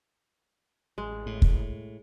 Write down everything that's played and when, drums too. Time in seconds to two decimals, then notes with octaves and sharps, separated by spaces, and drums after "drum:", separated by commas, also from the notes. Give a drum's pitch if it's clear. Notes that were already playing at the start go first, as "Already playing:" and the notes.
0.98 A1 G#3
1.26 A2
1.42 drum: kick